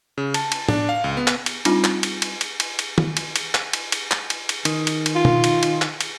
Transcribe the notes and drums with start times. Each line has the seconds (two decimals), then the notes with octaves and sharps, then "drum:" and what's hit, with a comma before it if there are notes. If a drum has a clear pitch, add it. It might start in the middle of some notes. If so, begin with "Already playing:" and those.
0.18 C#3
0.34 A5, drum: cymbal
0.52 drum: cymbal
0.69 D4, drum: tom A2
0.89 F5
1.04 C#2
1.17 B3
1.27 drum: clap
1.46 drum: cymbal
1.65 G3 C4 D4 D#4 F4, drum: cymbal
1.84 drum: clap
2.03 drum: cymbal
2.22 drum: cymbal
2.41 drum: cymbal
2.60 drum: cymbal
2.79 drum: cymbal
2.98 drum: tom
3.17 drum: cymbal
3.36 drum: cymbal
3.55 drum: clap
3.73 drum: cymbal
3.92 drum: cymbal
4.11 drum: clap
4.30 drum: cymbal
4.49 drum: cymbal
4.65 D#3, drum: cymbal
4.87 drum: cymbal
5.06 drum: cymbal
5.15 F4
5.25 drum: tom B2
5.44 drum: cymbal
5.63 drum: cymbal
5.82 drum: clap
6.01 drum: cymbal